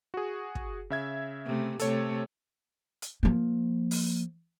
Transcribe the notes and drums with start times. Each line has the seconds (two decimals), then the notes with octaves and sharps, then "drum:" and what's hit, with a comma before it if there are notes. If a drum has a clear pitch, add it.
0.14 F#4 G#4
0.55 drum: kick
0.90 C#3 E5 G#6
1.45 C3 A3
1.80 C3 A3 A4 C#5, drum: hi-hat
3.02 drum: hi-hat
3.23 F3 A#3
3.91 drum: open hi-hat